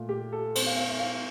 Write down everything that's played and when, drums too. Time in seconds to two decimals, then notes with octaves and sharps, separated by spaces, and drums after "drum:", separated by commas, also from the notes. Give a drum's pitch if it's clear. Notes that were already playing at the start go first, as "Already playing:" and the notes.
Already playing: A#2 A3
0.09 G4
0.33 A4
0.55 C5, drum: cymbal
0.66 F5
0.77 F5
0.89 E5
1.00 F5